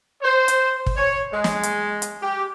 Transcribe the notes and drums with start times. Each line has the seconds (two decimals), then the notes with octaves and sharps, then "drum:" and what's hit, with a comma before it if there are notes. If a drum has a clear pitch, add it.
0.22 C5
0.48 drum: hi-hat
0.86 drum: kick
0.96 C#5
1.32 G#3
1.44 drum: snare
1.63 drum: hi-hat
2.02 drum: hi-hat
2.21 G4